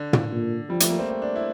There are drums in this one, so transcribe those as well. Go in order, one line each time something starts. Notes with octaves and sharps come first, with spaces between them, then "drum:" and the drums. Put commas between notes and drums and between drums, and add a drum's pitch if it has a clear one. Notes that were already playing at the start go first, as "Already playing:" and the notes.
Already playing: D3
drum: tom
A#2
F3 G3
A3, drum: hi-hat
A#3
C4
C4
D4
E4